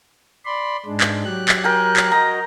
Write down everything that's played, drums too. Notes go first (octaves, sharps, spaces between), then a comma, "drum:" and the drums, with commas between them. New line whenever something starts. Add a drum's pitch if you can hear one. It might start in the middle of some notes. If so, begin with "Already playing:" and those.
D5 B5 C6
G#2 G#3 D4
drum: clap
F#3 G4 F#6
drum: clap
A#4 G5 G#5
drum: clap
F#4 D#5 A#5